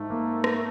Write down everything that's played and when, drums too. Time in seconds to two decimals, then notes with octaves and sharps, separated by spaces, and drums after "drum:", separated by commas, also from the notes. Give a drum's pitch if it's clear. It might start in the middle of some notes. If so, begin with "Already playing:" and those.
Already playing: G#2 A3
0.10 A#3
0.44 drum: rim click